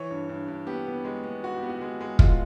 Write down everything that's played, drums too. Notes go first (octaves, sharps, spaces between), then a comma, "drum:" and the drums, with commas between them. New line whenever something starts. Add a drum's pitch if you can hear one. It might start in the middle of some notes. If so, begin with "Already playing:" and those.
Already playing: E3 C#5
G2
G2
G2
B3 G4
B3
G#3
B3
G#3 F#4
G4
B3
F#4
G#3
G#3
G#3 F4, drum: kick